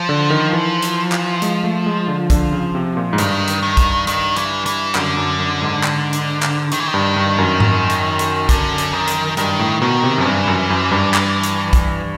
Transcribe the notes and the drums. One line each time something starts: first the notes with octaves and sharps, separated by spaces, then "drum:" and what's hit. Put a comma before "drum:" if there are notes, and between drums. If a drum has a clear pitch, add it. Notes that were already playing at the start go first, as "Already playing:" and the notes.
Already playing: F3
D3
D#3
E3
drum: hi-hat
drum: clap
G#3, drum: hi-hat
A3
G#3
D3
D3, drum: kick, hi-hat
C#3
C3
A#2
G#2
G2 D#3, drum: hi-hat
drum: hi-hat
D#3
drum: kick, hi-hat
D#3, drum: hi-hat
E3, drum: hi-hat
E3, drum: hi-hat
F#2 D3, drum: clap
F#2
F#2
G#2
drum: clap
drum: hi-hat
drum: clap
D#3, drum: hi-hat
E3
D#3
G2
G2
F#2
drum: tom G#2
drum: hi-hat
drum: hi-hat
D3, drum: kick, hi-hat
drum: hi-hat
D#3
drum: hi-hat
G2 D#3, drum: hi-hat
A2
B2 D#3
C3
F#2
F3
G2 E3
F#2
F#2
G2
drum: clap
drum: hi-hat
drum: kick, hi-hat